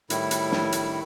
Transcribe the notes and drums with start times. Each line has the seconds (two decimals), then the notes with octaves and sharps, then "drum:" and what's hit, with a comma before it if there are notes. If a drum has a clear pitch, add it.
0.10 A2 D#3 G3 E4, drum: hi-hat
0.31 drum: hi-hat
0.52 drum: snare
0.72 drum: hi-hat